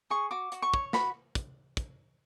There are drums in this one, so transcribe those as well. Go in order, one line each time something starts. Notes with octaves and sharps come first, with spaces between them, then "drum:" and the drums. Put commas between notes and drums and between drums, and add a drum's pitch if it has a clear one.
G#4 C#6
F#4 D6
F#4, drum: hi-hat
C#6
C#5, drum: kick
F#4 B5, drum: snare
drum: kick, hi-hat
drum: kick, hi-hat